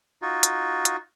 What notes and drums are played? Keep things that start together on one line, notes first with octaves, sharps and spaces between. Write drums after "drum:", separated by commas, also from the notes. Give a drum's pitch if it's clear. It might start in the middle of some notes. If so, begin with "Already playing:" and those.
D#4 F4 F#4
drum: hi-hat
drum: hi-hat